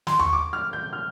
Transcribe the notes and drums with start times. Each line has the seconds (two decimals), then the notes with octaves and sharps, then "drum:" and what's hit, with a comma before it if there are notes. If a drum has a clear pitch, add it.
0.07 C6, drum: snare
0.19 C#6, drum: tom D#2
0.33 D6
0.53 F6
0.73 G6
0.93 F6